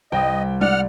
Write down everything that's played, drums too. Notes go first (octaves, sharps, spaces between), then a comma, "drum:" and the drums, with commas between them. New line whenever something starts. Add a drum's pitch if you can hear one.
C2 D#5 G5
D5 F#5 F6, drum: tom G#3